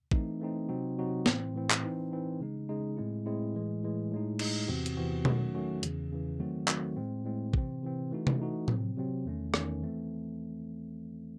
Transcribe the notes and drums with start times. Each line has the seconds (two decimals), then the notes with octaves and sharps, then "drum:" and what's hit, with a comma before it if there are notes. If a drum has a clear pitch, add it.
0.11 E3 A3 C4 D#4, drum: kick A1
0.41 E3 A3 C4 D#4
0.69 C3 F#3 C4 D#4 F#4
0.98 C3 F#3 C4 D#4 F#4
1.26 A2 E3 C4 E4, drum: snare
1.54 A2 E3 C4 E4
1.71 drum: clap
1.83 E3 C4 D#4
2.11 E3 C4 D#4
2.40 C#3 G#3 D#4
2.69 C#3 G#3 D#4
2.97 A2 G#3 C4 E4
3.26 A2 G#3 C4 E4
3.54 A2 E3 G#3
3.83 A2 E3 G#3
4.11 A2 G#3 D#4
4.39 A2 G#3 D#4, drum: cymbal
4.68 E2 C3 E3 C4 F#4
4.86 drum: hi-hat
4.97 E2 C3 E3 C4 F#4
5.25 D#3 F#3 A3 C#4 F#4, drum: tom B2
5.54 D#3 F#3 A3 C#4 F#4
5.83 E2 C#3 E3, drum: hi-hat
6.11 E2 C#3 E3
6.39 D#3 F#3 A3 C4 F#4
6.68 D#3 F#3 A3 C4 F#4, drum: clap
6.96 A2 G#3 C4
7.25 A2 G#3 C4
7.53 C3 E3 C4, drum: kick A1
7.83 C3 E3 C4
8.11 E3 A3 D#4 F#4
8.27 drum: tom C3
8.39 E3 A3 D#4 F#4
8.68 C3 F#3 C4, drum: tom A2
8.97 C3 F#3 C4
9.26 E2 D#3 A3 C#4
9.54 E2 D#3 A3 C#4, drum: rim click
9.82 E3 A3 C4